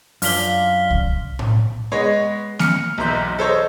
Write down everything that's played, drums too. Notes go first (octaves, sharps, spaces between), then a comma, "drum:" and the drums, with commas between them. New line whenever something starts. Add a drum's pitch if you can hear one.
F#2 D4 F4 F6 B6 G7, drum: open hi-hat
drum: kick C2
drum: tom A2
G#3 B3 C#5 D#5
F6 C#7, drum: snare A#3
B1 E2 E5 A#5 C6 G6
A4 C5 C#5 D#5